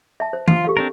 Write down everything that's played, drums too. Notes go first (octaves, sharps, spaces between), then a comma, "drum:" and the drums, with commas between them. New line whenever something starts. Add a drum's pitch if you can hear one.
E5 A5
C5
F4, drum: tom
G4 A4 F5
C4 D4 A#4